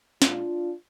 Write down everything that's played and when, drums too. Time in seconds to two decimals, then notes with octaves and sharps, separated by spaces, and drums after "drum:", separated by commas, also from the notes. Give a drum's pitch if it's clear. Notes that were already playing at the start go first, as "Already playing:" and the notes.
0.22 A#2 G#3 D4 F4, drum: snare